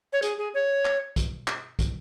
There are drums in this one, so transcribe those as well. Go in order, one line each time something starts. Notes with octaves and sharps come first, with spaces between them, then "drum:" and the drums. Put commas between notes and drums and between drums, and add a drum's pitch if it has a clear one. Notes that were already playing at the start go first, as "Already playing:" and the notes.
C#5
G#4, drum: hi-hat
G#4
C#5
drum: clap
drum: kick, hi-hat
drum: clap
drum: kick, hi-hat